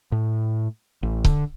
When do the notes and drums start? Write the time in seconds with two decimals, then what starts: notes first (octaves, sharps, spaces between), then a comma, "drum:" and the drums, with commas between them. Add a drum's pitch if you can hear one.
0.12 A2
1.03 A1
1.25 D3, drum: kick C#1